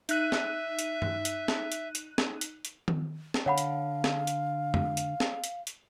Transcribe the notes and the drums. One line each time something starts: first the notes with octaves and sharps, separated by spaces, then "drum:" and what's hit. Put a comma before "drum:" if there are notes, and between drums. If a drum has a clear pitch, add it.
D#4 E5 F#6 D#7, drum: hi-hat
drum: snare
drum: hi-hat
drum: tom G2
drum: hi-hat
drum: snare
drum: hi-hat
drum: hi-hat
drum: snare
drum: hi-hat
drum: hi-hat
drum: tom D#3
drum: snare
D3 C#5 F5 F#5 B5
drum: hi-hat
drum: snare
drum: hi-hat
drum: tom
drum: hi-hat
drum: snare
drum: hi-hat
drum: hi-hat